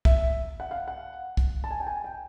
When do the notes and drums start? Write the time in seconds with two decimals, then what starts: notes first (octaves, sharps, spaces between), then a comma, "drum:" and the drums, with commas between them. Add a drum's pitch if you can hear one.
0.05 E5, drum: kick
0.60 F#5
0.71 F5
0.88 F#5
1.37 drum: kick
1.64 A5
1.71 G#5
1.80 G5
1.87 G#5
2.04 G5